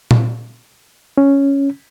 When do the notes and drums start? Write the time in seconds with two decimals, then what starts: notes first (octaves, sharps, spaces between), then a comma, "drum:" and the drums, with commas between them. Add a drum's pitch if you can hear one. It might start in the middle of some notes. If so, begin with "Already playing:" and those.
0.11 drum: tom A#2
1.18 C#4